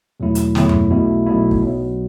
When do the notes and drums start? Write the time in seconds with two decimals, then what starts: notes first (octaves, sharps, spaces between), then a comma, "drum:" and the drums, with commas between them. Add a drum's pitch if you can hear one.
0.20 E2 B2 F#3 A3 E4
0.35 drum: hi-hat
0.55 E2 B2 F#3 A3 E4, drum: snare
0.69 drum: tom F#2
0.91 B1 B2 A3 E4
1.26 B1 B2 A3 E4
1.51 drum: kick
1.62 B1 B2 F#3